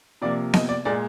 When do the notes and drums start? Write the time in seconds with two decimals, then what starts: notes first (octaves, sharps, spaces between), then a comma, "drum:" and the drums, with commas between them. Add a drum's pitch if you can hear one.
0.22 C3 F3 A#3 D5
0.53 D#5, drum: snare B3
0.69 D5
0.85 A#2 G#3 D5